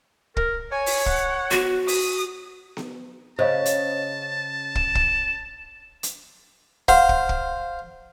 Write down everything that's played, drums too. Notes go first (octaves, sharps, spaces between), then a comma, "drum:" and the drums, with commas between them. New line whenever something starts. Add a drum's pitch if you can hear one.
A#4, drum: kick
C#5 G#5
drum: open hi-hat
F#5, drum: kick
F#4, drum: snare B3
D#6, drum: open hi-hat
drum: snare B3
C#3 C5 D#5 F5 A5
drum: hi-hat
E7, drum: kick
drum: kick
drum: hi-hat
C5 F5 F#5, drum: kick
drum: kick
drum: kick